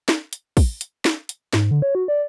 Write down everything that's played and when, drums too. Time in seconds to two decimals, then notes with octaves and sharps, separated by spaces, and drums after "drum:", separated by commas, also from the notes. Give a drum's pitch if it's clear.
0.09 drum: snare
0.33 drum: hi-hat
0.57 drum: kick, open hi-hat
0.81 drum: hi-hat
1.05 drum: snare
1.29 drum: hi-hat
1.53 G#2, drum: snare
1.71 D3
1.82 C#5
1.95 F#4
2.08 D5